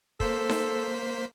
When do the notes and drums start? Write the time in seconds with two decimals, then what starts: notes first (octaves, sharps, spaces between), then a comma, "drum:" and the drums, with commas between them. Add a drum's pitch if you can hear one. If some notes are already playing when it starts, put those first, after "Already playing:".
0.20 A#3 A4 C5 B6, drum: kick
0.49 drum: snare D#4